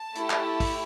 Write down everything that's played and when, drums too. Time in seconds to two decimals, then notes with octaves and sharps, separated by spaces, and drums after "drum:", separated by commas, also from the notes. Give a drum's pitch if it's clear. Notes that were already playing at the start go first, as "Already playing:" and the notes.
Already playing: A5
0.15 A3 E4 G4, drum: hi-hat
0.30 drum: clap
0.60 drum: kick, open hi-hat